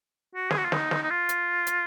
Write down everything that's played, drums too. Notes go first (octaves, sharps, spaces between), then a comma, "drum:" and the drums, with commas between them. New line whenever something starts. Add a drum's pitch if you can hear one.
F#4
G#4, drum: snare
F#4
F4
D#4, drum: snare
drum: snare
D#4
F4
drum: hi-hat
drum: hi-hat